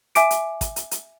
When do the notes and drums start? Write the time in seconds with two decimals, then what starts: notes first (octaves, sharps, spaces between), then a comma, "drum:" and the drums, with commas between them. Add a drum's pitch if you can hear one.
0.15 E5 G#5 D6 D7, drum: hi-hat
0.31 drum: hi-hat
0.61 drum: kick, hi-hat
0.76 drum: hi-hat
0.91 drum: hi-hat